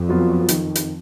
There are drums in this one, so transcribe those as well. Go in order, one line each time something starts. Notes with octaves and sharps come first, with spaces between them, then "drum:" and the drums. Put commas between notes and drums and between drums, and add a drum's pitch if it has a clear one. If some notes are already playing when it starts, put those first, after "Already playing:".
Already playing: F2
F#3 B3 F4
D#3, drum: hi-hat
drum: hi-hat